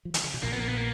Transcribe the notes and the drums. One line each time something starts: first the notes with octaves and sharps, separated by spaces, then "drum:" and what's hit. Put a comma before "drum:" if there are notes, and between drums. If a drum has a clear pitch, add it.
F3
D#3, drum: hi-hat
C#3
B2
A#1 A#2 A#3
B3
A#3
B3
A#3